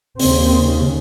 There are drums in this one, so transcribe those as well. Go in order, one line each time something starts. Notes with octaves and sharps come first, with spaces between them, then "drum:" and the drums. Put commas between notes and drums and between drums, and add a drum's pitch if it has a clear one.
D#2 C#3 C4, drum: open hi-hat